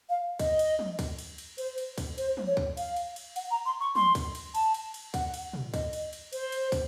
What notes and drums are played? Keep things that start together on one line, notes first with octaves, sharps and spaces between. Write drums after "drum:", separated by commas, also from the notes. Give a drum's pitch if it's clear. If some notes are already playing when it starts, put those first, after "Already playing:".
F5
D#5, drum: kick, cymbal
drum: cymbal
drum: tom
drum: kick, cymbal
drum: cymbal
drum: cymbal
C5, drum: cymbal
drum: cymbal
drum: kick, cymbal
C5, drum: cymbal
drum: tom
C#5
drum: kick
F5, drum: cymbal
drum: cymbal
drum: cymbal
F#5, drum: cymbal
A#5
C6
C#6
C6, drum: tom
drum: kick, cymbal
drum: cymbal
A5, drum: cymbal
drum: cymbal
drum: cymbal
F#5, drum: kick, cymbal
drum: cymbal
drum: tom
D#5, drum: kick, cymbal
drum: cymbal
drum: cymbal
C5, drum: cymbal
drum: cymbal
drum: kick, cymbal